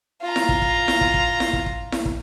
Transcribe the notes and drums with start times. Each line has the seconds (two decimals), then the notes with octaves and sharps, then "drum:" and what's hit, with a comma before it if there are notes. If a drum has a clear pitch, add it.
0.23 F4 A#5
0.36 drum: snare E4
0.49 drum: kick
0.62 drum: kick
0.88 drum: snare E4
1.01 drum: kick
1.14 drum: kick
1.40 drum: snare E4
1.53 drum: kick
1.66 drum: kick
1.92 drum: snare E4
2.05 drum: kick